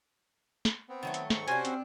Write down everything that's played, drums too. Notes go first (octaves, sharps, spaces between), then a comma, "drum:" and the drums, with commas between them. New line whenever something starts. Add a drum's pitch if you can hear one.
drum: snare
B3 C4
D#3 F#3 A3
drum: hi-hat
G#2 C#6, drum: snare
C3 C#4 D4 F#4 C5 G#5, drum: hi-hat
C4, drum: hi-hat